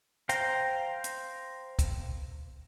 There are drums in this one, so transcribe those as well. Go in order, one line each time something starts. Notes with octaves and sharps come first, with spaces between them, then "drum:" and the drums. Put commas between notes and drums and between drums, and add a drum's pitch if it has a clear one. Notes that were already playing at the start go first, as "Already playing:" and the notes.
C5 F5 G5 A#5, drum: hi-hat
drum: hi-hat
drum: kick, hi-hat